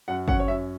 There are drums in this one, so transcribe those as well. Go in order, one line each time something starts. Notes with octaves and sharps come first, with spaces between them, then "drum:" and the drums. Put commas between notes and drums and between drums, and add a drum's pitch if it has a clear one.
F#2 F#5
C#4 F#5, drum: kick G1
C#5
F#2 E5